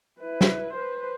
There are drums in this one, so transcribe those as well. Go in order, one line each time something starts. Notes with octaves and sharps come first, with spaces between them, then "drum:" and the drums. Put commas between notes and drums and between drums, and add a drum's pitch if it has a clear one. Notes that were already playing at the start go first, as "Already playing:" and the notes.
E4 B4
drum: snare
B4 C5